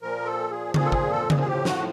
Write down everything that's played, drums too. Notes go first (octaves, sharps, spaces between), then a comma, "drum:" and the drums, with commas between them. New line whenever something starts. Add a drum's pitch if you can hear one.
A#2 F3 A#4
A4
G#4
A#2 F3 G#4, drum: tom C#3
A4
G#4, drum: kick
A4
G#4, drum: tom C#3
G#4
A2 F3 G4
F#4, drum: snare